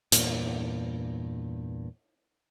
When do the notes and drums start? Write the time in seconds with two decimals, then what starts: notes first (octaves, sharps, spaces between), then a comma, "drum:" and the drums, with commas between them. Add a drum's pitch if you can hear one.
0.12 E2 G2 A#2, drum: hi-hat